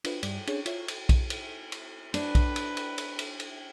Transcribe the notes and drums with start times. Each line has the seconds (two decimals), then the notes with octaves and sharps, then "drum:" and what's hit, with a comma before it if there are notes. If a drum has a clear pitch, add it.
0.04 D4 F4 B4, drum: cymbal
0.23 G2 G3 D5, drum: cymbal
0.47 C#4 D4 G#4 C#5, drum: cymbal
0.66 F4 C#5 E5, drum: cymbal
0.88 drum: cymbal
1.09 drum: kick B1, cymbal
1.30 drum: cymbal
1.72 drum: cymbal
2.14 D4 B4, drum: cymbal
2.35 drum: kick B1, cymbal
2.56 drum: cymbal
2.77 drum: cymbal
2.98 drum: cymbal
3.19 drum: cymbal
3.40 drum: cymbal